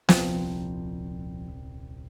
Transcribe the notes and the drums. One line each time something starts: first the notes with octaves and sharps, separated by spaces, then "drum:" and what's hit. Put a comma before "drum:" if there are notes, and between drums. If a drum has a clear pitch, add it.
D#1 C2 F3 C4, drum: snare